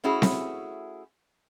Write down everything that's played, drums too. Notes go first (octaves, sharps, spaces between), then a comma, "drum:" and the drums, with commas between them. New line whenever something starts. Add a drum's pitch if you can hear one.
A3 C#4 E4 F#4 G#4
drum: snare C4